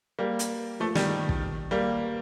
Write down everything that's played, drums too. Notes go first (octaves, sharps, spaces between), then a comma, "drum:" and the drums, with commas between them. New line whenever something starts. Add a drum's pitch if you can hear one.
G3 A#3
drum: hi-hat
F3 A3
D#3 G3, drum: snare
drum: kick
G3 A#3